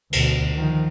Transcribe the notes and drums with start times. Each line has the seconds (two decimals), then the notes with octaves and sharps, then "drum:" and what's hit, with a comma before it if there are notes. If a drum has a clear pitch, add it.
0.13 D2 B2, drum: cymbal
0.56 D#3 F3